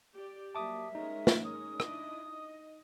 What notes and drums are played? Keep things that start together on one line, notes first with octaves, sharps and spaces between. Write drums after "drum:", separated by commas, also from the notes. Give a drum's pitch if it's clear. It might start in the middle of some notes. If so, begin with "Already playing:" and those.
G4 D5
F#3 G3 A#3 E5 A5 D6 D#6
G#3 C#4 D#4 A#4
drum: snare
D#6
D4 E4 D#5, drum: rim click
D#5